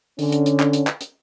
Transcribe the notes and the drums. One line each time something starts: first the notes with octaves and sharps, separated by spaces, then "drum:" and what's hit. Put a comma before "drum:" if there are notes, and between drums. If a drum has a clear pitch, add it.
D3 C#4, drum: open hi-hat
drum: hi-hat
drum: hi-hat
drum: clap
drum: hi-hat
drum: clap
drum: hi-hat